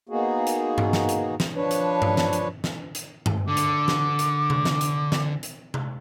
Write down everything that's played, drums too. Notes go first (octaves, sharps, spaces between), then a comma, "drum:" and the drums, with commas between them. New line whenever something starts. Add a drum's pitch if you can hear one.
A#3 B3 D#4 F#4 G#4
drum: hi-hat
drum: tom G2
drum: snare
drum: hi-hat
drum: snare
F3 D4 B4 C#5
drum: hi-hat
drum: tom G2
drum: snare
drum: hi-hat
drum: snare
drum: hi-hat
drum: tom G2
D3 D6
drum: hi-hat
drum: snare
drum: hi-hat
drum: tom C3
drum: snare
drum: hi-hat
drum: snare
drum: hi-hat
drum: tom C3